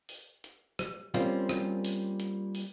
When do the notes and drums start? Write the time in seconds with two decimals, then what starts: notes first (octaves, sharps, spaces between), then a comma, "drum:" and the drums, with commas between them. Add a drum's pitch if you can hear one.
0.09 drum: open hi-hat
0.44 drum: hi-hat
0.79 drum: rim click
1.14 G3 A#3 C4 C#4 F4, drum: hi-hat
1.49 drum: rim click
1.85 drum: open hi-hat
2.20 drum: hi-hat
2.55 drum: open hi-hat